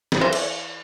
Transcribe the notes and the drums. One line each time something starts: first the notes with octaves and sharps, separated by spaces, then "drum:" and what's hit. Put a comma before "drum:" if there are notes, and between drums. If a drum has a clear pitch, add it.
drum: snare
E3 C5
drum: cymbal